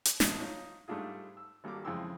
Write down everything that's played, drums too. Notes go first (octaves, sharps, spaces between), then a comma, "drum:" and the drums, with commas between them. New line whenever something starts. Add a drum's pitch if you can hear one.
drum: hi-hat
A1 F#2 B2 D4 D#4 D#5, drum: snare
D#4 F4 C#5
G#2 G3 A3 D4 F4 G#4
E6
G#1 G3 A#3 A4 D6
F2 C#3 E3 G#3 G5 E6